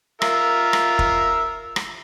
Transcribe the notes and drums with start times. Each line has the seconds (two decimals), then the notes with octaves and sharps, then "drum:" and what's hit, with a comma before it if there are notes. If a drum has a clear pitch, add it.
0.22 F4 A#4 E5, drum: rim click
0.73 drum: rim click
0.99 drum: kick
1.76 drum: rim click